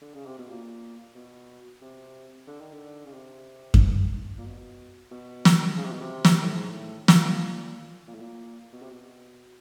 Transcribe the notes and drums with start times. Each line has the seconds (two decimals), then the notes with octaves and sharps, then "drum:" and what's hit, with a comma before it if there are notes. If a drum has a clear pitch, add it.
0.02 D3
0.14 C#3
0.26 C3
0.38 B2
0.50 A#2
1.15 B2
1.82 C3
2.47 D3
2.60 D#3
2.72 D3
3.06 C#3
3.13 C3
3.74 drum: kick F#2
4.38 A#2
4.45 B2
5.11 B2
5.45 drum: snare
5.77 C#3
5.85 C3
5.92 B2
6.01 C3
6.25 drum: snare
6.42 A2
6.57 G#2
6.70 A2
7.08 A#2, drum: snare
8.07 A#2
8.14 A2
8.22 A#2
8.72 B2
8.82 C3
8.91 B2